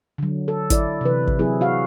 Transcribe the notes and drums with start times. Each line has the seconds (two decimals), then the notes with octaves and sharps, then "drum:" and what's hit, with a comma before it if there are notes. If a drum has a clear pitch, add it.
0.18 D3 F#3
0.48 A4
0.70 E4 D5, drum: kick, hi-hat
1.01 C3 E3 B4
1.27 drum: kick
1.39 F#3 C4 E4 G#4
1.61 F#4 F5